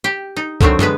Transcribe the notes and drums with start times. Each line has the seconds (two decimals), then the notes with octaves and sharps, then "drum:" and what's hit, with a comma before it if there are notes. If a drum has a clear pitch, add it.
0.04 G4
0.36 D#4
0.61 D3 D#3 F#3 A3 C4, drum: kick
0.79 D3 G#3 B3 B4, drum: tom